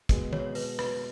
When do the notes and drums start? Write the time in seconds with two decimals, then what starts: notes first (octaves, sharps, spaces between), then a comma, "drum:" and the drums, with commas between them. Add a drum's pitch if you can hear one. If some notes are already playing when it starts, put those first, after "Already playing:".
0.09 B2 G#3 B3, drum: kick, hi-hat
0.33 C#5, drum: tom D#3
0.55 B4, drum: open hi-hat
0.79 B4, drum: rim click